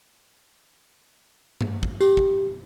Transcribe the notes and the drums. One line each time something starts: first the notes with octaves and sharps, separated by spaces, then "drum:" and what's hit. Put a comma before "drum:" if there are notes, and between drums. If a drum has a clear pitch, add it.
drum: tom G2
drum: kick
G4, drum: tambourine
drum: kick